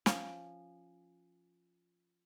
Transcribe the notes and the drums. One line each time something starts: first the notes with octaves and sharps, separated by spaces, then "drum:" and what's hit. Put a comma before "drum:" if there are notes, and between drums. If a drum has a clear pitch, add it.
F3 C#4 C#5, drum: snare